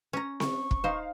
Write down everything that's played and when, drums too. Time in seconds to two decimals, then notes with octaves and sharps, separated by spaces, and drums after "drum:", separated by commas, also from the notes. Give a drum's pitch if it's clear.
0.13 C#4 A#5
0.40 C#6, drum: snare C4
0.71 drum: kick
0.84 D#4 C5 F5